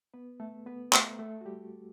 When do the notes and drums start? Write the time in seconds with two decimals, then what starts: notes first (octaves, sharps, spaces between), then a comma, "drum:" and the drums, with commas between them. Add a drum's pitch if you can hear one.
0.14 B3 B4
0.40 A3 A4
0.66 B3 B4
0.93 A3 A4, drum: clap
1.19 A3 A4
1.41 F#4
1.46 G3 G4